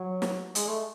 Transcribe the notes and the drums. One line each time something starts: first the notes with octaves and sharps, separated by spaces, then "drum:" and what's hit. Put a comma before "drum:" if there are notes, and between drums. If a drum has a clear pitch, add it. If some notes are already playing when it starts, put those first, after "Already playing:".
Already playing: F#3
drum: snare
G#3, drum: hi-hat
A3